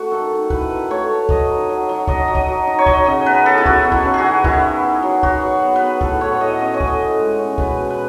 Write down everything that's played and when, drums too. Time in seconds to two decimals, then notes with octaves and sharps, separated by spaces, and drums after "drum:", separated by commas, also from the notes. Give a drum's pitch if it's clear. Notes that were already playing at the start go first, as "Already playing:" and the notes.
Already playing: A3 F#4
0.11 D#3 A4
0.32 D#3
0.50 E4 B4, drum: kick
0.70 D#3
0.90 A3 C#5
1.09 A3
1.29 F#3 D#5, drum: kick
1.49 D#4
1.69 F#3
1.89 F#3
2.08 F#3 D#5, drum: kick
2.28 F#3
2.35 D#5, drum: kick
2.48 F#3
2.67 D#4
2.79 C#5
2.86 F#3 D#5, drum: kick
3.06 C#3 D#5
3.26 B3 B4
3.46 B3 A4
3.58 E4
3.66 D#4 F#4, drum: kick
3.85 B3
3.92 E4, drum: kick
4.05 C#3
4.14 F#4 G#4
4.24 B3
4.44 D#3 E4, drum: kick
4.64 B3
4.83 D#3
5.03 F#3
5.23 B3 F#4, drum: kick
5.42 F#3
5.62 B3
5.76 B4
5.82 B3
6.01 A2 A4, drum: kick
6.21 A2 C#5
6.33 C#5
6.41 A2 D#5
6.61 C#4 D#5
6.74 C#5
6.80 A2, drum: kick
6.87 D#5
7.00 A2
7.19 G#3
7.39 C#4
7.58 B2 B4, drum: kick
7.78 B2
7.90 B4